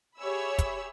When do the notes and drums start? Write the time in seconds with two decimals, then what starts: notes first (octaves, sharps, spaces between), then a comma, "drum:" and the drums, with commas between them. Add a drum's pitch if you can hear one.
0.19 G4 G#4 C#5 E5 B5 E6
0.58 drum: kick, hi-hat